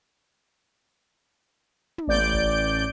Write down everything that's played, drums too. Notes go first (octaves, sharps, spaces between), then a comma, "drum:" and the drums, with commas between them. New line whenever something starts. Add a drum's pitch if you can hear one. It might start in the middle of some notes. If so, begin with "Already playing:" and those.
drum: tom
A1 D5 G6 D7
drum: kick F#1